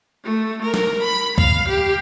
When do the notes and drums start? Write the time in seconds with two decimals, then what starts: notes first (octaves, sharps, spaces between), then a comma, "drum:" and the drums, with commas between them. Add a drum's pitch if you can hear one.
0.24 A3
0.62 A#4
0.74 drum: snare
1.02 B5
1.38 F5, drum: kick C#2
1.68 G4